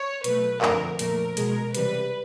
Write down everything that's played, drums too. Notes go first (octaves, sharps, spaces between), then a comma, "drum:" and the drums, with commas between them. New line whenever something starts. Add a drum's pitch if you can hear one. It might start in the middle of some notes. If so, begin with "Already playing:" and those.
Already playing: C#5
B2 F#3 A3 B4, drum: hi-hat
F2 D3 F3 A3 A#4, drum: clap
A#2 F3 A3 A#4, drum: hi-hat
B2 G#3, drum: hi-hat
C3 E3 G3 B4, drum: hi-hat